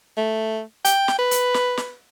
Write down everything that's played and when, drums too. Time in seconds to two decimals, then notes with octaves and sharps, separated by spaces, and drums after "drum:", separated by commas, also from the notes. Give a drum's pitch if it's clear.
0.17 A3
0.85 G5, drum: hi-hat
1.08 drum: snare
1.19 B4
1.31 drum: hi-hat
1.54 drum: snare
1.77 drum: snare